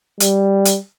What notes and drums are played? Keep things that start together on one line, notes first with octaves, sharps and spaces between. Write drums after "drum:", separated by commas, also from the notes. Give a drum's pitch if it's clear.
G3, drum: hi-hat
drum: hi-hat